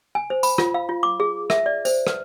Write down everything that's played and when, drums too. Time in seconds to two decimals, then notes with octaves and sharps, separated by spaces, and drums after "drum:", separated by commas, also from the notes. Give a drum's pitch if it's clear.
0.15 G#5
0.30 C5
0.43 B5, drum: tambourine
0.58 F4, drum: rim click
0.74 F5
0.89 F4
1.03 D6
1.20 G#4
1.50 E5, drum: rim click
1.66 D5
1.85 C5, drum: tambourine
2.07 B4, drum: rim click